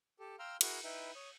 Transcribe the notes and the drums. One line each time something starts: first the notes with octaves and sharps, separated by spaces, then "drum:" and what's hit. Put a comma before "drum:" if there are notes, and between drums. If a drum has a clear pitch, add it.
G4 A4
F5 G5 A#5 C6 E6 F6
E4 F#4 G#4 A#4 A#5, drum: cymbal
D#4 E4 B4 E5 G5
C#5 D#6